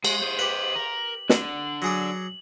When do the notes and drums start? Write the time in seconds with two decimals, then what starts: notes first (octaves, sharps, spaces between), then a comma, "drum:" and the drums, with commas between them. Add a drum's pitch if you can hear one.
0.05 G#3, drum: cymbal
0.22 C5 D#5
0.39 G4 B4 F#7
0.75 A#4
1.29 D3, drum: snare
1.82 F#3 G#4 D5